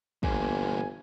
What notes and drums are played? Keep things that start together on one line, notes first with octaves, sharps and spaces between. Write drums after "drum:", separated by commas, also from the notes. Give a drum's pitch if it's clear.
G1 E2 A#2 G#5, drum: kick